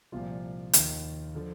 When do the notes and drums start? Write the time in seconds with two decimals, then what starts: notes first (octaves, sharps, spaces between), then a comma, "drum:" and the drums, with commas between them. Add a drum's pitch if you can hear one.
0.12 C2 A#2 F3 F4
0.73 D#2 D#3, drum: hi-hat
1.35 D3 F3